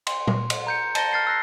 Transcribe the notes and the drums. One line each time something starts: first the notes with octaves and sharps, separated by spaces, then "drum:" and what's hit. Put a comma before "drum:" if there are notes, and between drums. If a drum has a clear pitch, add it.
C6, drum: cymbal
drum: tom
drum: cymbal
A#5 G6 C#7
A5 A6 A#6 G7, drum: cymbal
F6 A6 C7 G7
E6 F#6 A#6 C7